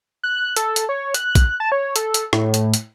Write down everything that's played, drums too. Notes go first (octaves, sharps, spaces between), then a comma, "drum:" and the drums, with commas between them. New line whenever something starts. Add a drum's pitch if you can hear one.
F#6
A4, drum: hi-hat
drum: hi-hat
C#5
F#6, drum: hi-hat
drum: kick A#1, hi-hat
A5
C#5
A4, drum: hi-hat
drum: hi-hat
A2, drum: rim click
drum: hi-hat
drum: hi-hat